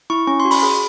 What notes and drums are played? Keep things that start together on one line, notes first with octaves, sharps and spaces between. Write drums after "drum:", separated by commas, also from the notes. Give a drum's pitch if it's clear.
E4 C#6
C#4 C#6
C6
F#4
B5, drum: open hi-hat
G#4 B5